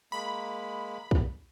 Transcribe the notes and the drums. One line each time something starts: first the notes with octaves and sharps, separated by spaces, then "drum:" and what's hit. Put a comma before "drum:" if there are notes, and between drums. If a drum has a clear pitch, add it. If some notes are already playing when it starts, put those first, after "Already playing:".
G#3 A#3 B5
drum: kick